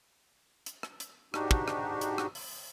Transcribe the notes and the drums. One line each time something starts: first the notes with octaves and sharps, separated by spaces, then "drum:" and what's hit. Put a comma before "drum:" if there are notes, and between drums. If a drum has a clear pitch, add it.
drum: hi-hat
drum: rim click
drum: hi-hat
G#2 D4 D#4 F#4 G4, drum: rim click
drum: kick
drum: rim click
drum: hi-hat
drum: rim click
drum: open hi-hat